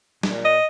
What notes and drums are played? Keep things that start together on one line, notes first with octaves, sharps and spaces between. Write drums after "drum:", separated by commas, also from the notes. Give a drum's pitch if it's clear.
A#2, drum: snare
D#5